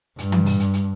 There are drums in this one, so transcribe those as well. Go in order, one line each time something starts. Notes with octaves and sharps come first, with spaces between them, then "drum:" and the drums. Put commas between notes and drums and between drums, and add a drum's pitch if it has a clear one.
G2, drum: hi-hat
drum: tom
drum: open hi-hat
drum: hi-hat
drum: hi-hat